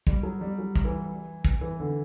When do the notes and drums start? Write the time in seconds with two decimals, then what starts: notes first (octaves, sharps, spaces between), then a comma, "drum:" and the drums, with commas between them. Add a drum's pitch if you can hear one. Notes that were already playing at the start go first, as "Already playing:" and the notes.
0.07 G3, drum: kick
0.23 F#3
0.41 G3
0.58 F#3
0.76 drum: kick
0.85 E3
1.45 drum: kick
1.61 E3
1.80 D3